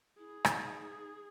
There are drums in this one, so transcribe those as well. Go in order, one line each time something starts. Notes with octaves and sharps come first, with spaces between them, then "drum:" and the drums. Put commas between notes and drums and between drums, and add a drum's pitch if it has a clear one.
E4 G#4
D#4, drum: rim click